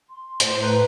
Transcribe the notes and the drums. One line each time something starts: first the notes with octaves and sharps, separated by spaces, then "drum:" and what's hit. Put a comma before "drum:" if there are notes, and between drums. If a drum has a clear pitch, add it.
C6
A2 C5, drum: hi-hat
B4 A#5